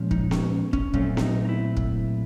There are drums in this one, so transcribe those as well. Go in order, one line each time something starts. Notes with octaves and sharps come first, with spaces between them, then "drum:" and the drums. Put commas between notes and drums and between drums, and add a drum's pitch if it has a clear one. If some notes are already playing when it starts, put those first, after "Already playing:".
Already playing: A#2 F3 G#3 C#4
D#4, drum: kick
C#4, drum: snare B3
C#4, drum: kick
A#2 F#3 A3 C4 C#4, drum: kick
E4, drum: snare B3
D#4
D#4
E4
drum: kick